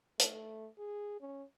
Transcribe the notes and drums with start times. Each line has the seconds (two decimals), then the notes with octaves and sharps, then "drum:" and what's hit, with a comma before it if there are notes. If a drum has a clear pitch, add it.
0.19 A3, drum: hi-hat
0.78 G#4
1.21 C#4